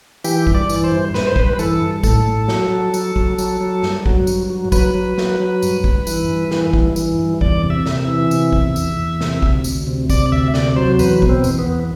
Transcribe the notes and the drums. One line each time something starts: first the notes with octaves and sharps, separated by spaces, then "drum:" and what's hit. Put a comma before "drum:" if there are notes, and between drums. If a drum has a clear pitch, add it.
E3 G4, drum: tambourine
G2, drum: kick
D5
E3, drum: tambourine
C5
G2
G2 B4, drum: snare
C5
G2 B4, drum: kick
B4
E3 A4, drum: tambourine
G2
A2 A4, drum: kick, tambourine
A2
F#3, drum: snare
F#3
F#3, drum: tambourine
F#3, drum: kick
F#3, drum: tambourine
F#3
G2, drum: snare
F#3, drum: kick
G2, drum: tambourine
F#3
F#3 B4, drum: kick, tambourine
F#3
F#3, drum: snare
F#3
G2, drum: tambourine
G2, drum: kick
E3, drum: tambourine
G2
E3, drum: snare
G2, drum: kick
E3, drum: tambourine
G2
E2 D5, drum: kick
C3
E5
C3, drum: snare
E5
E3
C3, drum: tambourine
E2, drum: kick
E2, drum: tambourine
E2
C3, drum: snare
D2, drum: kick
D2, drum: tambourine
C3
C3 D5, drum: kick, tambourine
D2 E5
C3 D5, drum: snare
F#3 C5
E2 B4, drum: tambourine
B2, drum: kick
C4
E2, drum: tambourine
B3
E2